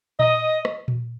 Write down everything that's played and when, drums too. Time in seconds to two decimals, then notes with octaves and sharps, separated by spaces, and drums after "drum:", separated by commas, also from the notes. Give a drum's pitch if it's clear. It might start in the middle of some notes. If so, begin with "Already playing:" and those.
0.19 D#5, drum: tom A#2
0.65 drum: rim click
0.88 drum: tom A#2